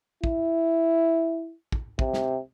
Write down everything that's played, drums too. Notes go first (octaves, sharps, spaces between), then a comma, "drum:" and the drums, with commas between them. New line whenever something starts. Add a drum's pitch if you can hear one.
E4, drum: kick
drum: kick
C3, drum: kick
drum: snare